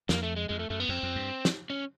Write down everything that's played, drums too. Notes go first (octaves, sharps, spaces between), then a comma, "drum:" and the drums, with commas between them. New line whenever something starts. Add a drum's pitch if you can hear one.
F2 A#3, drum: snare
A3
G#3
F2 G#3
A3
F#2 A3
B3
F2 C4
F2
G2
drum: snare
C#4